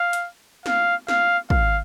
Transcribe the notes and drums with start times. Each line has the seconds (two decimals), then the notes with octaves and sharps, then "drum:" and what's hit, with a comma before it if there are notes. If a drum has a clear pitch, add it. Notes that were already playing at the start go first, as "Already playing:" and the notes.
Already playing: F5
0.13 drum: hi-hat
0.66 F5, drum: snare
1.08 F5, drum: snare
1.50 F5, drum: kick